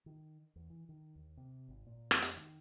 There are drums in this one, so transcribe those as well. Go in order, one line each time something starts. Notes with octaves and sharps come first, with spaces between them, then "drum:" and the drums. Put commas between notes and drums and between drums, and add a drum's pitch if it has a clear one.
D#3
E2
E3
D#3
D#2
C3
G#1
A#2
F2, drum: rim click
drum: hi-hat
D#3